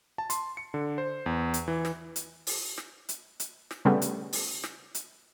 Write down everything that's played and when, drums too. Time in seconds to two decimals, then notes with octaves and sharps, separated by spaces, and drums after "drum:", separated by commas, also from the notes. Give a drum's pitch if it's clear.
0.18 A5
0.30 C6, drum: hi-hat
0.57 C#7
0.74 D3
0.98 C5
1.26 E2
1.54 drum: hi-hat
1.68 E3
1.85 drum: snare
2.16 drum: hi-hat
2.47 drum: open hi-hat
2.78 drum: snare
3.09 drum: hi-hat
3.40 drum: hi-hat
3.71 drum: snare
3.85 C#3 G3 A3 B3
4.02 drum: hi-hat
4.33 drum: open hi-hat
4.64 drum: snare
4.95 drum: hi-hat